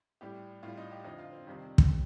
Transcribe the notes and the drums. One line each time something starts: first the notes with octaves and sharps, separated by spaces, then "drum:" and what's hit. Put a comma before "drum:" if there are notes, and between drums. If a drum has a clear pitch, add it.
A2 G3 G4
A2 G3 F4
D#4
G4
F2 D3 F3 D#4
F4
C4
F2 C3 D#3 G3
drum: kick
G3